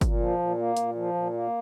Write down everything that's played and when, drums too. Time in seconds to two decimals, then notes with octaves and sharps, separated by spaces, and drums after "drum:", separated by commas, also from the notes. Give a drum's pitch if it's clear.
0.01 A#2, drum: kick, hi-hat
0.20 F3
0.39 A#2
0.58 A#3
0.77 A#2, drum: hi-hat
0.95 F3
1.14 A#2
1.33 A#3